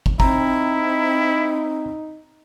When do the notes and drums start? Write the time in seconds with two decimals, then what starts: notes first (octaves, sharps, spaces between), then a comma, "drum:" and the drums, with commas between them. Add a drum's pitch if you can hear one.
0.06 drum: kick
0.20 C4 D#4 E4 A#5, drum: kick